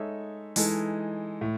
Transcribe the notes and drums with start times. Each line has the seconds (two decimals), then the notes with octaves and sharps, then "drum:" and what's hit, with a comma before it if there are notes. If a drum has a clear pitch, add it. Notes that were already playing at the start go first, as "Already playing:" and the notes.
Already playing: G#3 D#4 A4 C#5 E5
0.56 E3 G#3 D#4 A4, drum: open hi-hat
1.41 A2